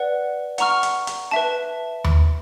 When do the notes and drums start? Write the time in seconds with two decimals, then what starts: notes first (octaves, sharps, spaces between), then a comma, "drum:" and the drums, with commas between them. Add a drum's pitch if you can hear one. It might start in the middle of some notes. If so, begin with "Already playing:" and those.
Already playing: B4 D5 F#5
0.58 F#5 A#5 C#6 F6, drum: hi-hat
0.83 drum: hi-hat
1.07 drum: hi-hat
1.31 B4 E5 A5
2.04 drum: tom D#2